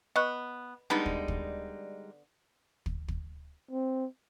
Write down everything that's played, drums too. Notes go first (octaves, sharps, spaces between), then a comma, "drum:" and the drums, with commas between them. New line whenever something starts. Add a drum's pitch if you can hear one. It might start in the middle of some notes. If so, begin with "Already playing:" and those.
B3 D#5 C#6 F#6
D3 G3 G#3 B3 D#4 B5
drum: kick
drum: kick
drum: kick
drum: kick
C4